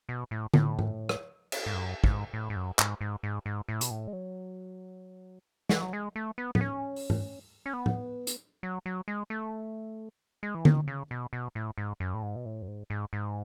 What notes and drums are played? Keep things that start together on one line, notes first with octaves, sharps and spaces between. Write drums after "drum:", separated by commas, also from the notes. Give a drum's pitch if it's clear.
B2
A2
A2, drum: tom D3
drum: tom G#2
drum: rim click
drum: cymbal
G#2
F#2
G#2, drum: kick
A2
G#2
F#2
G#2, drum: clap
G#2
G#2
G#2
A2
B2, drum: hi-hat
A2
G#3
F#3
E3, drum: snare
F#3
G#3
A3
B3
B3, drum: tom A2
C#4
drum: open hi-hat
drum: tom G#2
C#4
B3
drum: tom A2
drum: hi-hat
F#3
F#3
G#3
A3
G#3
E3
D#3, drum: tom D3
C#3
B2
B2
A2
G#2
F#2
A2
G#2
B2
A2
F#2
G#2
G#2
G#2